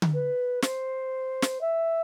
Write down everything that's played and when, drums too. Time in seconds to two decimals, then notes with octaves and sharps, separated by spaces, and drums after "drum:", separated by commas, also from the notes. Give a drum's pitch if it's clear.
0.02 drum: tom D3
0.13 B4
0.62 C5, drum: snare
1.42 drum: snare
1.61 E5